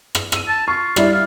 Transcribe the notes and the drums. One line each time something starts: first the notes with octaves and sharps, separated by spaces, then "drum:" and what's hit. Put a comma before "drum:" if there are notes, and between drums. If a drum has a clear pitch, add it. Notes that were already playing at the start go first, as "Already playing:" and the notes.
drum: rim click
E6 D#7, drum: rim click
A5
F4 C#6
G3 E4 D5, drum: rim click
F5